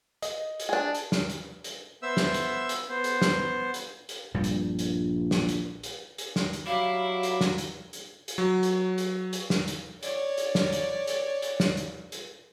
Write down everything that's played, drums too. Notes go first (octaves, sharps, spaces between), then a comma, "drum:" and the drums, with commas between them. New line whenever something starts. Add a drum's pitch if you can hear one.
D#5, drum: hi-hat
drum: hi-hat
D4 G#4
drum: hi-hat
drum: snare
drum: hi-hat
drum: hi-hat
B3 C5 E5 E6
drum: snare
drum: hi-hat
drum: hi-hat
B3 C5
drum: hi-hat
drum: snare
drum: hi-hat
drum: hi-hat
A#1 G2 A#2 G3
drum: hi-hat
drum: hi-hat
drum: snare
drum: hi-hat
drum: hi-hat
drum: hi-hat
drum: snare
drum: hi-hat
F#3 G3 E4 F5 B5 D6
drum: hi-hat
drum: snare
drum: hi-hat
drum: hi-hat
drum: hi-hat
F#3
drum: hi-hat
drum: hi-hat
drum: hi-hat
drum: snare
drum: hi-hat
C#5 D5, drum: hi-hat
drum: hi-hat
drum: snare
drum: hi-hat
drum: hi-hat
drum: hi-hat
drum: snare
drum: hi-hat
drum: hi-hat